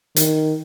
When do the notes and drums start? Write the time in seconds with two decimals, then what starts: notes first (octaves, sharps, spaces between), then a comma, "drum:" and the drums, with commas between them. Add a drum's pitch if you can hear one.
0.16 D#3, drum: hi-hat